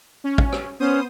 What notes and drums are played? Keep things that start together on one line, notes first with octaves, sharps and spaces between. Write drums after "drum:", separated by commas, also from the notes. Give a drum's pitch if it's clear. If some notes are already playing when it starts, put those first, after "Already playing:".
C#4
drum: kick
drum: rim click
B3 C#4 C5 D#6